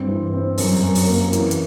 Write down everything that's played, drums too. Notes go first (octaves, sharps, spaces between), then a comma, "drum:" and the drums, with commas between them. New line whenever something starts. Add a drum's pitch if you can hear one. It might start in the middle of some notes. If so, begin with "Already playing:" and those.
Already playing: G2 C4
E3
C4
F#2, drum: open hi-hat
F#2
drum: open hi-hat
A#3
E3, drum: hi-hat
drum: hi-hat